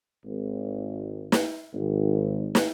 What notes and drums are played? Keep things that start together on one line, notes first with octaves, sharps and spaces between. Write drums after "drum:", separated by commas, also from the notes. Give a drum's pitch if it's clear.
G#1
drum: snare
G#1
drum: snare